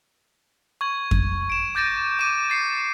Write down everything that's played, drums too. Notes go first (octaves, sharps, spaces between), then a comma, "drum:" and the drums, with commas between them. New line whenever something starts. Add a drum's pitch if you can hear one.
C#6 G#6 F#7
drum: kick F2
D7 E7
D6 G6 A6 A#6 D7 D#7
D6 D#7
A6 C7 C#7